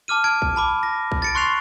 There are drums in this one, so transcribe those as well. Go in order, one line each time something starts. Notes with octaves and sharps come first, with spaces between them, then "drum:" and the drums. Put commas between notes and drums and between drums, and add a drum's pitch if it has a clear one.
A5 D6 F6 D#7
A5 G#6 D7
drum: kick A#1
A5 B5 D6
A#6
drum: kick A#1
A6 C#7 D7
C6 C#6 F#6 C7 F7